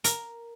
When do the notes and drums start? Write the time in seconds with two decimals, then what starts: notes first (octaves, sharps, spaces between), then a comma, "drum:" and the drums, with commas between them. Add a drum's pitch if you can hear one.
0.04 A#4, drum: hi-hat